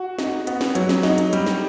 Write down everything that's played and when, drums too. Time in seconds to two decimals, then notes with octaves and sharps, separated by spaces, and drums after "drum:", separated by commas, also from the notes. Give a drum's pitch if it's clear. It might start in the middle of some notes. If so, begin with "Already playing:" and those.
Already playing: F#4
0.19 D#4, drum: snare
0.47 B3, drum: hi-hat
0.61 drum: snare
0.75 F#3, drum: hi-hat
0.89 drum: snare
1.03 D#4, drum: snare
1.18 drum: hi-hat
1.33 G3, drum: hi-hat
1.46 drum: snare